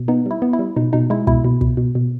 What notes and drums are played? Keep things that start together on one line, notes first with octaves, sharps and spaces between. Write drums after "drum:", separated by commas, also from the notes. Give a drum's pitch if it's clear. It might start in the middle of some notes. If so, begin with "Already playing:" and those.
Already playing: B2
B3 D#4
G3 E4
B3
E4
G3
B2 D#4
B2 D#4
G#3 E4
B2 E4, drum: kick
B2
B2, drum: kick
B2
B2